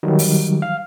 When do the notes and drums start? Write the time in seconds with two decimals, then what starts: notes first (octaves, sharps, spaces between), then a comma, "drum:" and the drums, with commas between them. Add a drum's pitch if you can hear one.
0.03 D#3 F#3 G3
0.19 drum: open hi-hat
0.62 F5